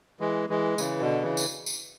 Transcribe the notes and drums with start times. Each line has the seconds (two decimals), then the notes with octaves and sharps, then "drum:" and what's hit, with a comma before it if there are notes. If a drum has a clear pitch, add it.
0.20 E3 G#3
0.49 E3 G#3
0.78 C#3 E3, drum: tambourine
1.00 B2 D3
1.22 C#3 E3
1.37 drum: tambourine
1.66 drum: tambourine